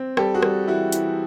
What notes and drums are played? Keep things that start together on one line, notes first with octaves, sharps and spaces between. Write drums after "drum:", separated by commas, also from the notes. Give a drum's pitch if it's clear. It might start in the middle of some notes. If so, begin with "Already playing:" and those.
Already playing: C4
G3 G4 A4, drum: rim click
F#4 G#4
G3, drum: rim click
E3 E4 F#4
E3, drum: hi-hat